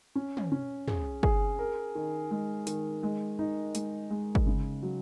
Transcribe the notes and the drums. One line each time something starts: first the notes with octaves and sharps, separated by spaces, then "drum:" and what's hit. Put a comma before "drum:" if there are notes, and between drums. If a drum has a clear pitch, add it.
C#4
drum: tom
C#4
G#4, drum: tom
G#4, drum: kick
A#4
D#3
G#3
D#3, drum: hi-hat
G#3
D#4
G#3, drum: hi-hat
G#3
drum: kick
C#3
F#3